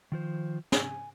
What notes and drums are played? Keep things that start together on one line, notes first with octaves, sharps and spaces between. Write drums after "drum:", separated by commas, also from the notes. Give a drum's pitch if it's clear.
D#3 F3 C5
G#5, drum: snare